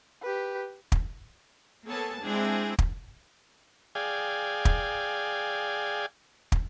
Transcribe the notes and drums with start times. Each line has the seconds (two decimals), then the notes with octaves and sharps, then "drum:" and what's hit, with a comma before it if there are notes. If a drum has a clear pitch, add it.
0.22 G4 B4
0.92 drum: kick
1.88 A#3 B3 A4 C#5 G#5 A5
2.23 G#3 C4 D4 E4 G#4
2.79 drum: kick
3.95 G#4 D5 F5 G5 G#5
4.65 drum: kick
6.52 drum: kick